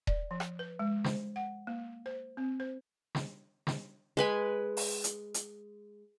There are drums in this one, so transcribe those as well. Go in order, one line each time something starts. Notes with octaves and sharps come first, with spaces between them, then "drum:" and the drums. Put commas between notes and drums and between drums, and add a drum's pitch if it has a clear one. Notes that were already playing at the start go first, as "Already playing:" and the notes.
D5, drum: kick D#1
F3
drum: rim click
B4
G#3
C5, drum: snare
F#5
A#3
C5
C4
C5
drum: snare
drum: snare
G#3 B4 G#5
drum: open hi-hat
drum: hi-hat
drum: hi-hat